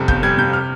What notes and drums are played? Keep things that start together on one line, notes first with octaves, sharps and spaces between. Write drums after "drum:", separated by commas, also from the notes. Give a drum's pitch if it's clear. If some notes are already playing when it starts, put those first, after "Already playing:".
Already playing: F2 C3 G3
G1 G6, drum: kick
G3 G#6
C3 G6
F6